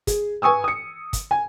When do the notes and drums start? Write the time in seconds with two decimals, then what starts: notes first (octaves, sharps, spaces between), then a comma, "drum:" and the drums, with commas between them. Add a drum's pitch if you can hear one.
0.07 G#4, drum: kick, hi-hat
0.42 B4 G#5 C#6 D#6 E6
0.64 D#6 C#7
1.13 drum: kick, hi-hat
1.31 G#5